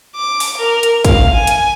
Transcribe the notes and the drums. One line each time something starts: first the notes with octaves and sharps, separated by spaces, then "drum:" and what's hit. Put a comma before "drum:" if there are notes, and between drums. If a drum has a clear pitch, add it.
D6
drum: open hi-hat
A#4
drum: hi-hat
F5, drum: kick, hi-hat
G#5
drum: hi-hat